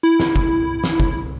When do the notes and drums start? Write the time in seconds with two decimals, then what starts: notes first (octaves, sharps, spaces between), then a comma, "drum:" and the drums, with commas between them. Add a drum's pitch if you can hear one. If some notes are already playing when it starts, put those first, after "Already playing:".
0.03 E4
0.20 drum: snare
0.36 drum: kick
0.84 drum: snare
1.00 drum: kick